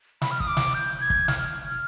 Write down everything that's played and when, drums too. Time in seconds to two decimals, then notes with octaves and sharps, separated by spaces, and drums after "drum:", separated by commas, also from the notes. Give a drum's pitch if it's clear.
0.22 B5, drum: snare
0.31 F6
0.40 D#6, drum: kick
0.47 D6
0.57 drum: snare
0.74 G6
1.01 G#6
1.10 drum: kick
1.28 F6, drum: snare
1.70 F6